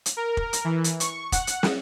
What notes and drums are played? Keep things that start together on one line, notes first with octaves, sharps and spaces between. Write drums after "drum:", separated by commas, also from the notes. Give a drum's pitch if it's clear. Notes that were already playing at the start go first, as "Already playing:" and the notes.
drum: hi-hat
A#4
drum: kick
drum: hi-hat
E3
drum: hi-hat
C#6, drum: hi-hat
F#5, drum: kick, hi-hat
drum: hi-hat
drum: snare